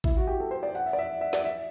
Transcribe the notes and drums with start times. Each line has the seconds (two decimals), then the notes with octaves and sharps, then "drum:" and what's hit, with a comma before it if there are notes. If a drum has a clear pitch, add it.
0.04 E4, drum: kick A1
0.17 F#4
0.27 G4
0.40 A4
0.51 C5
0.63 D5
0.75 F#5
0.86 E5
0.93 D5
0.99 E5
1.21 E5
1.33 D5, drum: snare
1.45 E5